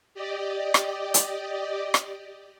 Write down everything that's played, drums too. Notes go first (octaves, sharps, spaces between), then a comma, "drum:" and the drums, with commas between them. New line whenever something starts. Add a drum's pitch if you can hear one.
G4 D5 D#5
drum: rim click
drum: hi-hat
drum: rim click